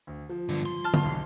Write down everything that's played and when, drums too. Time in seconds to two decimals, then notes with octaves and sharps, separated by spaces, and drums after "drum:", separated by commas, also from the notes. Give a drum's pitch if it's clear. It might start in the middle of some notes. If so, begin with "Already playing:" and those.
0.07 D2
0.29 F3
0.49 G2 D3
0.66 C6
0.84 A5 F6
0.94 drum: tom D3
1.04 B1 E2 G2